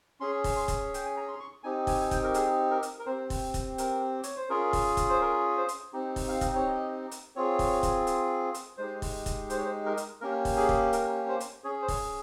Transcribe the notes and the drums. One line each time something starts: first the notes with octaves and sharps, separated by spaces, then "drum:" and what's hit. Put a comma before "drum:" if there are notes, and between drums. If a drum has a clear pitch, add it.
C#4 G#4 C6
drum: kick, open hi-hat
C6
drum: kick, hi-hat
G5, drum: hi-hat
G#5
A#5
C6
C#6
C4 D#4 G4 G#5
G#5, drum: kick, open hi-hat
G#5
G5, drum: kick, hi-hat
A#4
G#4, drum: hi-hat
A#4
drum: hi-hat
A#4
C4 G4 C5
drum: kick, open hi-hat
drum: kick, hi-hat
A#4, drum: hi-hat
C#5, drum: hi-hat
C5
C#4 F4 G#4 A#4
drum: kick, open hi-hat
drum: kick, hi-hat
C5
A#4
C5
drum: hi-hat
C4 D#4 G4
drum: kick, open hi-hat
F5
D#5, drum: kick, hi-hat
C#5
D#5
drum: hi-hat
C4 F4 G#4 C#5
drum: kick, open hi-hat
drum: kick, hi-hat
drum: hi-hat
drum: hi-hat
G#3 D#4 G4 C5
drum: kick, open hi-hat
drum: kick, hi-hat
C5, drum: hi-hat
C#5
C5
A#4
drum: hi-hat
A#3 C#4 G4 A#4
drum: kick, open hi-hat
G#4
drum: kick
A#4, drum: hi-hat
C5
drum: hi-hat
C#4 G#4 C#5
C5
C#5, drum: kick, open hi-hat